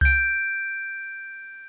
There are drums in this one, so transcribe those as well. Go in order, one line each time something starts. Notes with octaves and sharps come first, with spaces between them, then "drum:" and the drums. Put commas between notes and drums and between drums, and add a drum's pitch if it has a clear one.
G6 D7, drum: kick C#2